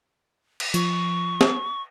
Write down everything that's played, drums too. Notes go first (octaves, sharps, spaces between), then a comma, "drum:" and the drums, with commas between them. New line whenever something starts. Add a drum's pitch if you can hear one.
drum: cymbal
F3 C#6, drum: hi-hat
drum: snare